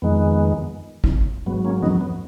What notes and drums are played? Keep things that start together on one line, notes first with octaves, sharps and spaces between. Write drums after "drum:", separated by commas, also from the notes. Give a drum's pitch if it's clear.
F2 D#3 G#3 B3
drum: kick
G#2 F#3 B3
A#3 C#4
B3 D#4, drum: tom F3
B3